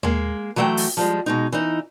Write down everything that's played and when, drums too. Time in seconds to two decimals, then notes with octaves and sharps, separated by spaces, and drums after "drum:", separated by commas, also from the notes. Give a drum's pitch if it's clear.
0.03 G#3 A#3, drum: tom D#2
0.56 E3 F#3 A3 E5 G5
0.77 drum: open hi-hat
0.97 F3 G3 G#3
1.26 B2 G#3 D#4
1.52 E3 D#4